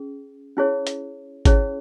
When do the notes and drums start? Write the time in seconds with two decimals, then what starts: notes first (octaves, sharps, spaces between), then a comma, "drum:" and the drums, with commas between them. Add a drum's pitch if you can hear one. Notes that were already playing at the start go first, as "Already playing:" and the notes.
Already playing: C#4 G#4
0.57 C#4 E4 G#4 C#5
0.87 drum: hi-hat
1.45 C#4 E4 G#4 C#5, drum: kick G#1, hi-hat